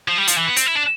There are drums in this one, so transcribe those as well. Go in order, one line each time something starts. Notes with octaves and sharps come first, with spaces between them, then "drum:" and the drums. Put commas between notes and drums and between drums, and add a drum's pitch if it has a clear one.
F3
G3
F3, drum: hi-hat
E3
B3
C4, drum: hi-hat
E4
D4